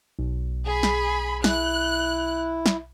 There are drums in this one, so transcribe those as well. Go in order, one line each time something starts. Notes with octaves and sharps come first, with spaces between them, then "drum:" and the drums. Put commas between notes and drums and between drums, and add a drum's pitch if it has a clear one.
B1
G#4 B5
drum: snare
E4 F#6, drum: snare
drum: snare